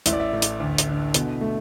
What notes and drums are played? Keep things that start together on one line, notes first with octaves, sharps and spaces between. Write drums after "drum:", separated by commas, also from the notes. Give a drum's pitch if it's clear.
A1 E5, drum: hi-hat
D5
E5
A2
drum: hi-hat
D2
drum: hi-hat
D3
B2, drum: hi-hat
A3